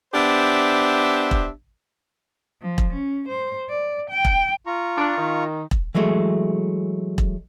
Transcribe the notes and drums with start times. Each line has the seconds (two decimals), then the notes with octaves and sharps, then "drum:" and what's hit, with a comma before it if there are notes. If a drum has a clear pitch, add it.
0.14 B3 D4 G4 C5 E5
1.31 drum: kick E1
2.62 F3
2.78 drum: kick E1
2.94 C#4
3.29 C5
3.70 D5
4.11 G5
4.25 drum: kick E1
4.67 F4 A#5 C#6
4.98 D4
5.18 D#3
5.71 drum: kick E1
5.95 E3 F#3 G#3 A3
7.18 drum: kick E1